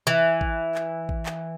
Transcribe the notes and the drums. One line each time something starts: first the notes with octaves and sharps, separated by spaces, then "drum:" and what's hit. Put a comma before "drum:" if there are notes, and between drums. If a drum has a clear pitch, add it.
E3
drum: kick A1
drum: clap
drum: kick A1
drum: clap